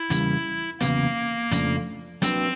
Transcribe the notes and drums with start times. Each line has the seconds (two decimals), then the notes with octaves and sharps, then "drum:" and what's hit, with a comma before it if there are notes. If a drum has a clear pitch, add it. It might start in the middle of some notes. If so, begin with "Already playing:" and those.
Already playing: E4
0.10 E2 C#3 G3 A#3, drum: hi-hat
0.80 E2 C#3 F#3 A#3 B3, drum: hi-hat
1.51 F2 C#3 F3 A3 D4, drum: hi-hat
2.22 F#3 A#3 C4 D4 F#4 B4, drum: hi-hat